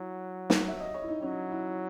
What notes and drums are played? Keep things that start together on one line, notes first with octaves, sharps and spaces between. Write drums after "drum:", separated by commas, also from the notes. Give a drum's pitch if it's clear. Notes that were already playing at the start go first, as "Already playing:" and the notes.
Already playing: F#3 E4
drum: snare
E5
D#5
C#5
E4
D#4
F#3 C#4
E4